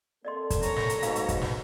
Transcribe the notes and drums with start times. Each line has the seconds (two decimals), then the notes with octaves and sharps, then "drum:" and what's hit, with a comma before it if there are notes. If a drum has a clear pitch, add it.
0.25 A#3 C4 A4 D5 D#5 C6
0.50 drum: kick, hi-hat
0.62 C#5 A#5, drum: hi-hat
0.76 drum: snare
0.89 drum: hi-hat
1.02 G#2 B2 F5, drum: hi-hat
1.16 drum: hi-hat
1.29 drum: kick, hi-hat
1.42 drum: snare